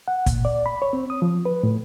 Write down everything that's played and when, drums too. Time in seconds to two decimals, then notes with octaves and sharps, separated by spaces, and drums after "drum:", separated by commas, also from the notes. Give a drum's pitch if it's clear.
0.08 F#5
0.26 A#2, drum: kick, hi-hat
0.45 D5
0.66 B5
0.82 C#5
0.93 C4
1.10 D#6
1.22 F3
1.45 B4
1.63 A2